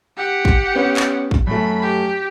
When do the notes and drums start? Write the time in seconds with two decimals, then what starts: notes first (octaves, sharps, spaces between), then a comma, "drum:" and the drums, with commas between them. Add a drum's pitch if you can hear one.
0.17 G4 F#5
0.45 drum: kick
0.75 B3 C#4 B4
0.97 drum: clap
1.31 drum: kick
1.47 F#2 A3 B5
1.83 G4